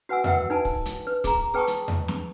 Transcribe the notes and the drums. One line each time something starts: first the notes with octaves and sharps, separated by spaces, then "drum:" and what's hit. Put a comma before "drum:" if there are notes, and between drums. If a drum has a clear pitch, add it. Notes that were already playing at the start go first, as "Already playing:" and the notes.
F#4 B4 F#5 G#5 E6
A#4 B4 E5 F#5 G5 E6, drum: tom E2
D#4 B4 G#5 A5
drum: kick
drum: hi-hat
B4
G#4 A#5, drum: kick, hi-hat
G#4 B4 G5 A5 C#6 D#6
drum: hi-hat
drum: tom E2
drum: snare